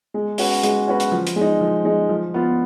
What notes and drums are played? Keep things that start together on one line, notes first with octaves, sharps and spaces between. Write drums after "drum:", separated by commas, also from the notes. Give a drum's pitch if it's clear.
G#3
C#4 F#4 B4, drum: open hi-hat
G#3, drum: hi-hat
C#4 F#4 B4
drum: hi-hat
F3
drum: hi-hat
G#3
D#4
F3
G#3 D#4
F3
B3 F4